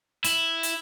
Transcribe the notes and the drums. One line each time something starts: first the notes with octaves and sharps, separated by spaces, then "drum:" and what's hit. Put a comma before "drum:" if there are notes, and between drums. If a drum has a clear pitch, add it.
E4, drum: hi-hat
drum: hi-hat